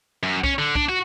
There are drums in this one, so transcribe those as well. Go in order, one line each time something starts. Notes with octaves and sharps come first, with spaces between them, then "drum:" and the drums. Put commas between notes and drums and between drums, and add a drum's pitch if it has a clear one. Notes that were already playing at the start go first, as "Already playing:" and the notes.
F#2
C#4, drum: kick B1
D3
D4, drum: kick B1
F#4